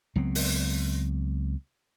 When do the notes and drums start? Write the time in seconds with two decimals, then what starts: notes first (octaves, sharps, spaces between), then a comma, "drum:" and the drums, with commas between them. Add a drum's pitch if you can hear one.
0.16 C#2 F#3 B3 C4
0.35 drum: open hi-hat